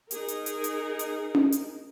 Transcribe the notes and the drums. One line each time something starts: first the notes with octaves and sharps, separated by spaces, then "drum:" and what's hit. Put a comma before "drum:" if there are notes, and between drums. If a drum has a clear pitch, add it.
D#4 G#4 A#4, drum: hi-hat
drum: hi-hat
drum: hi-hat
drum: hi-hat
drum: hi-hat
drum: tom C#4
drum: hi-hat